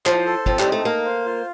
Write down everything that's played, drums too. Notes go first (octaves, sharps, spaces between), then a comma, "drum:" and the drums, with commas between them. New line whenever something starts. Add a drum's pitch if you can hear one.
F3 C5, drum: clap
A4
F3 C4, drum: kick
G3, drum: clap
D#4
A3
A#3 F5
C5
F4